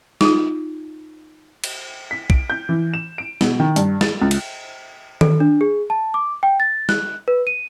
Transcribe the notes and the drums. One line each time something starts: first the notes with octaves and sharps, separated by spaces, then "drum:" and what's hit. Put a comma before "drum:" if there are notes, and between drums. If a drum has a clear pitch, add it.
D#4 F4, drum: snare
drum: cymbal
B6
D7, drum: kick
G6
E3
E7
D7
B2, drum: snare
D#3
G2, drum: hi-hat
A6, drum: snare
C#2
drum: cymbal
A4, drum: tom D#3
D4
G#4
A5
D6
G5
A6
F#6, drum: snare
B4
D#7